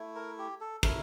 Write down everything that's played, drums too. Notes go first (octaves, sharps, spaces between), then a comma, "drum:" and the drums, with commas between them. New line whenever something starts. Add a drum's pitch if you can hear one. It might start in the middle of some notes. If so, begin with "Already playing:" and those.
Already playing: A3 E4
A#4
G4
A4
A3 E4 A#4, drum: kick, cymbal